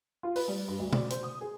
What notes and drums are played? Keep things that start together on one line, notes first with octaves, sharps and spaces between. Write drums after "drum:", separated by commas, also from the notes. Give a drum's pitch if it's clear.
F4
B4, drum: open hi-hat
G3
G2
D2
D5, drum: tom B2
C5, drum: hi-hat
D#6
G#4